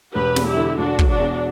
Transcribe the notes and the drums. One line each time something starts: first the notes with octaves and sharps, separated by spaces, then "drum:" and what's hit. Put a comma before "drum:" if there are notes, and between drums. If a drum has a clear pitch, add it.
E1 G4 B4
E2, drum: snare
E4 G4
D3
E1 D4 F#4
E1, drum: kick
D4 F#4
E2